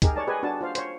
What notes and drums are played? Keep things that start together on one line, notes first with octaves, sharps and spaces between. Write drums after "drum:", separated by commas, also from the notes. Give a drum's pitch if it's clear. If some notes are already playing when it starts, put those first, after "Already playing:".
D#4 G4 G#4 A#4, drum: kick C#2, hi-hat
C#5 D5 A5
G4 G#4 B4 C#5 D#5 G#5
D4 F#4 A5
F4 C5 F5
C5 C#5, drum: hi-hat